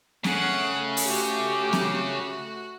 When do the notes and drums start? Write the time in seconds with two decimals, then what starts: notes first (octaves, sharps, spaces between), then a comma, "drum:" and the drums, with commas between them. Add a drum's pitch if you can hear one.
0.24 C#3 A3 G#4 F#5, drum: snare C4
0.97 drum: open hi-hat
1.07 F#4 G4
1.73 drum: snare C4